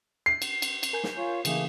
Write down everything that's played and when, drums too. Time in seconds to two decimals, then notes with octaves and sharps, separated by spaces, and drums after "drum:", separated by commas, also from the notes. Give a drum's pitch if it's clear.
0.26 C7
0.42 drum: cymbal
0.62 drum: cymbal
0.83 drum: cymbal
0.93 A#4 G#5 G6
1.04 drum: snare
1.17 F4 C#5
1.45 C#3 E3 A3 A#3 G#4, drum: cymbal